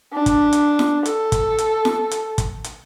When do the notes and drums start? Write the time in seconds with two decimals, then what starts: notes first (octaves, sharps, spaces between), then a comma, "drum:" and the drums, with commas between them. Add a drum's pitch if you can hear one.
0.13 D4
0.26 drum: kick, hi-hat
0.53 drum: hi-hat
0.79 drum: snare
1.06 A4, drum: hi-hat
1.32 drum: kick, hi-hat
1.58 drum: hi-hat
1.85 drum: snare
2.11 drum: hi-hat
2.38 drum: kick, hi-hat
2.64 drum: hi-hat